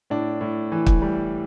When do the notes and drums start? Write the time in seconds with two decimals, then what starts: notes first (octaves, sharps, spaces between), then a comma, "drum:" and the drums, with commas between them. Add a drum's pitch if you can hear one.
0.10 A2 D4
0.41 A2
0.72 E3
0.86 drum: kick
1.02 G3